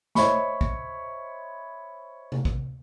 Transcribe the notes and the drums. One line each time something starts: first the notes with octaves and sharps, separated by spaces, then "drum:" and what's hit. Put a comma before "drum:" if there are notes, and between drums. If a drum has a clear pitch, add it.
C5 C#5 D#5 E5 B5 C#6, drum: snare A3
drum: kick
drum: tom C3
drum: kick